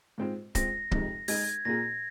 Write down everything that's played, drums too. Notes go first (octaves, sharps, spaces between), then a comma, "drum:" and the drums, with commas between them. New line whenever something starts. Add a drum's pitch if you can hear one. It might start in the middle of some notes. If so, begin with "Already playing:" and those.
G#2 G#3 C4 F4 C5
G#3 C4 F4 A#6, drum: kick, hi-hat
F2 C3 G#3 D#4, drum: kick
G#3 D#4 G#4 D#5 G#6, drum: open hi-hat
A#2 A#3 F4 G#4 A#6